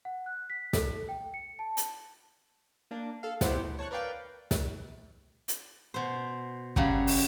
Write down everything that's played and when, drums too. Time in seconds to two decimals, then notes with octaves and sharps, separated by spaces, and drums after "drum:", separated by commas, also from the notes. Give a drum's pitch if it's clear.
0.05 F#5
0.26 F#6
0.50 B6
0.73 A4, drum: snare
1.09 G5
1.34 C#7
1.59 A5
1.77 drum: hi-hat
2.91 A#3 D4
3.23 A4 F5
3.41 B3 C4 E4 G4 C5 F#5, drum: snare
3.64 D2
3.79 C#5 A5 C#6 F#6
3.91 A#4 B4 D5 F5 G5
4.51 drum: snare
5.48 drum: hi-hat
5.94 B2 C5
6.76 F#2 C#3 F#3 G3, drum: kick
7.07 drum: open hi-hat